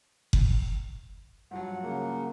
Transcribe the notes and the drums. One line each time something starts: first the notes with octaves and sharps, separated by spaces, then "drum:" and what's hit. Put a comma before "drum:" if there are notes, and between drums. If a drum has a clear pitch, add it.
drum: kick F#1
G2 F3 F#3 F#5
C#3 A#3